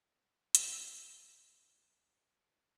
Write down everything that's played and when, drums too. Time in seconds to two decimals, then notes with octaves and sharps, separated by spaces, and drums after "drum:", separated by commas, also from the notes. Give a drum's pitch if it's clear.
0.05 C#4 F#4 F#5
0.55 C#4 F#4, drum: hi-hat
1.05 C4 E4 G4 G5